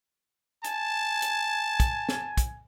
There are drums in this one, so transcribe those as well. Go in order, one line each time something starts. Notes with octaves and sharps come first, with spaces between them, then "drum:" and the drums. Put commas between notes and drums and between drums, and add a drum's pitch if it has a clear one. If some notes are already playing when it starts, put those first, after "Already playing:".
G#5 A5, drum: hi-hat
drum: hi-hat
drum: kick, hi-hat
drum: snare
drum: kick, hi-hat